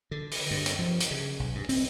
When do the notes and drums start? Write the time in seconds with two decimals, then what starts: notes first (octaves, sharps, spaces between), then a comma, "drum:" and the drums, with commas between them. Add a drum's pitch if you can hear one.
0.11 D3
0.31 drum: open hi-hat
0.51 G2
0.66 drum: hi-hat
0.79 F3
1.00 drum: hi-hat
1.11 C#3
1.39 B1
1.55 G2
1.69 C4, drum: open hi-hat